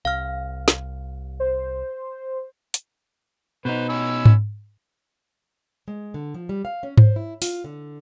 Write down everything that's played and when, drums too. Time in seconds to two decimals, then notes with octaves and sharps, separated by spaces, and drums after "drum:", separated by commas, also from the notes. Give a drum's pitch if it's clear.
0.05 C2 F5 F6
0.68 drum: snare
1.40 C5
2.74 drum: hi-hat
3.65 B2 D#4 B4 C5
3.89 C#4 B5 E6
4.25 drum: tom G#2
5.88 G#3
6.14 D3
6.34 F3
6.49 G3
6.65 F5
6.83 C#4
6.97 C5, drum: tom G#2
7.16 E4
7.42 F4, drum: open hi-hat
7.64 D3